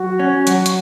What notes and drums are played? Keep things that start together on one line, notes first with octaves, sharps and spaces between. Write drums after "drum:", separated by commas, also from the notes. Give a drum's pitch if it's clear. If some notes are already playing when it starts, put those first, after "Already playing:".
Already playing: F#3 F#4
C#4
F#3, drum: hi-hat
drum: hi-hat